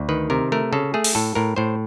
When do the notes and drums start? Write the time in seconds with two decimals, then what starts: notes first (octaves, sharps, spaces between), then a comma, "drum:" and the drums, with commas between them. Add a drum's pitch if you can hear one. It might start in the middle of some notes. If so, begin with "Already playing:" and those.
Already playing: D2
0.09 D#3 B4
0.30 C3 A#4
0.52 A3 A#4
0.73 C#3 A4
0.94 A3 G#4
1.04 drum: open hi-hat
1.15 A2 A4
1.35 A2 A#4
1.56 A2 C5